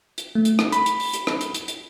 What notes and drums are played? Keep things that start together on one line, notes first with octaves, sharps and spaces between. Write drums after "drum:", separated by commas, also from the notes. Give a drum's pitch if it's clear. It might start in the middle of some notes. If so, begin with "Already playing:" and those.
drum: hi-hat
A3
drum: hi-hat
drum: rim click
B5, drum: hi-hat
drum: hi-hat
drum: open hi-hat
drum: hi-hat
drum: rim click
drum: hi-hat
drum: hi-hat
drum: hi-hat